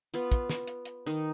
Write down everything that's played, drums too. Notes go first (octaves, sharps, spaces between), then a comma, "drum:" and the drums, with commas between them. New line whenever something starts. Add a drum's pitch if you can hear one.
B3 F4, drum: hi-hat
drum: kick, hi-hat
drum: snare
drum: hi-hat
drum: hi-hat
D#3 D#4